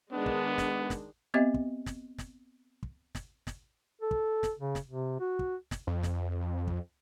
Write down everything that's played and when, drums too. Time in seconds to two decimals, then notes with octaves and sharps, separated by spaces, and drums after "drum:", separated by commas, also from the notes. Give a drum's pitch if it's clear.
0.12 D#3 G#3 B3 D4
0.26 drum: kick
0.58 drum: snare
0.90 drum: snare
1.34 B3 C4 G4 D#5 E5
1.54 drum: kick
1.86 drum: snare
2.18 drum: snare
2.83 drum: kick
3.15 drum: snare
3.47 drum: snare
4.01 A4
4.11 drum: kick
4.43 drum: snare
4.59 C#3
4.75 drum: snare
4.87 C3
5.20 F#4
5.39 drum: kick
5.71 drum: snare
5.87 F2
6.03 drum: snare
6.67 drum: kick